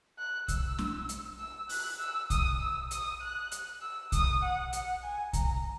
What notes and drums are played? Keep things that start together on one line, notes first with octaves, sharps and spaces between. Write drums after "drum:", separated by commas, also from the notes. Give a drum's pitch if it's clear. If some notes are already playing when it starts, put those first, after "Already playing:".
F#6
E6, drum: kick, hi-hat
drum: snare
drum: hi-hat
E6
F#6, drum: open hi-hat
E6
D#6, drum: kick, hi-hat
E6
D#6, drum: hi-hat
F#6
drum: hi-hat
E6
D#6, drum: kick, hi-hat
F#5
F#5, drum: hi-hat
G#5
A#5, drum: kick, hi-hat